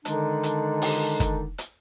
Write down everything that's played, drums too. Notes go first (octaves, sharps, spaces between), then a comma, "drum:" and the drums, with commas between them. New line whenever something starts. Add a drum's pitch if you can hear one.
D3 D#3 G#3 D4 D#4, drum: hi-hat
drum: hi-hat
drum: open hi-hat
drum: kick, hi-hat
drum: hi-hat